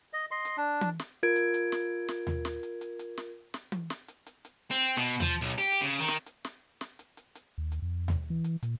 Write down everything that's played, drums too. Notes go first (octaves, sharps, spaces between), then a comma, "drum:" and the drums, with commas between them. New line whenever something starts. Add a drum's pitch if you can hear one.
D#5
D#5 C6
drum: hi-hat
D4
drum: tom E3
drum: snare
F4 A#4 G#6 D7
drum: hi-hat
drum: hi-hat
drum: snare
drum: snare
drum: tom D#2
drum: snare
drum: hi-hat
drum: hi-hat
drum: hi-hat
drum: snare
drum: snare
drum: tom E3
drum: snare
drum: hi-hat
drum: hi-hat
drum: hi-hat
C4
drum: hi-hat
B2, drum: snare
F3, drum: tom D#2
B1
G4
drum: hi-hat
C#3
D#3
drum: snare
drum: hi-hat
drum: snare
drum: snare
drum: hi-hat
drum: hi-hat
drum: hi-hat
D#2
drum: hi-hat
F2
drum: tom D#2
E3
drum: hi-hat
A#2, drum: hi-hat